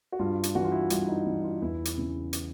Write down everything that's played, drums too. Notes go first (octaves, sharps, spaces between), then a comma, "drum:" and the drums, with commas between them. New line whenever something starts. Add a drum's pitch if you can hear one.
F#4
G2 F4
drum: hi-hat
E3 F#4
F4
E4
F4
G2 E4, drum: hi-hat
D#4
E3
F4
E2 E4
drum: hi-hat
C#3 E3
drum: hi-hat